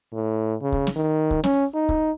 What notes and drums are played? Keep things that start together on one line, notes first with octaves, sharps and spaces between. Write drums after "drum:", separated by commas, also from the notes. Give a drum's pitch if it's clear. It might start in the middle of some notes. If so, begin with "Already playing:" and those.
A2
C#3
drum: kick
drum: snare
D#3
drum: kick
C#4, drum: snare
D#4
drum: kick